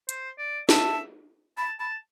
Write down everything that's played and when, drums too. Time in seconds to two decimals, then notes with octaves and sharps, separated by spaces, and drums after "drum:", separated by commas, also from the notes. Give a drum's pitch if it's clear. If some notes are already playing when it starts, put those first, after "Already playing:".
0.09 C5, drum: hi-hat
0.38 D5
0.69 E5 A5, drum: snare
1.57 A5 B5
1.80 A5 B5